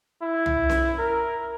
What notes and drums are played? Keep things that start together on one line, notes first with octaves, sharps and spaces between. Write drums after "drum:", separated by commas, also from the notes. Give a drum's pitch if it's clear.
E4
drum: tom C2
drum: snare C#4
A#4